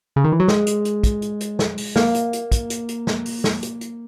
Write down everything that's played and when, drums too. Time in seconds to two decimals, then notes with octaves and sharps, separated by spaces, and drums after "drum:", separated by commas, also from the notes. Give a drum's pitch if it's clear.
0.16 C#3
0.24 D#3
0.32 E3
0.40 F#3
0.48 G#3, drum: snare
0.67 drum: hi-hat
0.85 drum: hi-hat
1.04 drum: kick, hi-hat
1.22 drum: hi-hat
1.41 drum: hi-hat
1.59 drum: snare
1.78 drum: open hi-hat
1.96 A#3, drum: snare
2.15 drum: hi-hat
2.33 drum: hi-hat
2.52 drum: kick, hi-hat
2.70 drum: hi-hat
2.89 drum: hi-hat
3.07 drum: snare
3.26 drum: open hi-hat
3.44 drum: snare
3.63 drum: hi-hat
3.81 drum: hi-hat